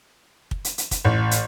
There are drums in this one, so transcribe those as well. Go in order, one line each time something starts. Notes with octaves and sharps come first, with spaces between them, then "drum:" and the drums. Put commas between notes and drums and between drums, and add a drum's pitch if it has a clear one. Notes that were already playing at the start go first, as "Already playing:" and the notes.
drum: kick
drum: hi-hat
drum: hi-hat
drum: kick, hi-hat
A1
drum: hi-hat